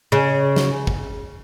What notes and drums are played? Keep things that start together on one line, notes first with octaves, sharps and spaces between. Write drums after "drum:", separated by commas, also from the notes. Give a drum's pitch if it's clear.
C#3
drum: snare
drum: kick